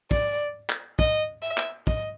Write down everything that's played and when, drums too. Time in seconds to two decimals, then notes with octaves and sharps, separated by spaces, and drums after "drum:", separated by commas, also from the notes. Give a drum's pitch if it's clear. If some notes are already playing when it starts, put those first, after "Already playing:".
0.11 D5, drum: kick
0.69 drum: clap
0.99 D#5, drum: kick
1.43 E5
1.57 drum: clap
1.87 D#5, drum: kick